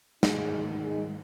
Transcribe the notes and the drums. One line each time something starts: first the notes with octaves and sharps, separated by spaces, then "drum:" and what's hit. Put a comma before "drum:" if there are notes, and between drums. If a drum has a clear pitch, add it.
G#2 D#3 D#4 G#4, drum: snare
D#4 G#4